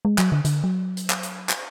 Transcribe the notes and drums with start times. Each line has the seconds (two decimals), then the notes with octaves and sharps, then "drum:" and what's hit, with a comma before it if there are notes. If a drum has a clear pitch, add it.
0.05 G#3
0.18 F#3, drum: clap
0.32 D3
0.45 D3, drum: hi-hat
0.64 F#3
0.97 drum: hi-hat
1.10 drum: clap
1.23 drum: hi-hat
1.49 drum: clap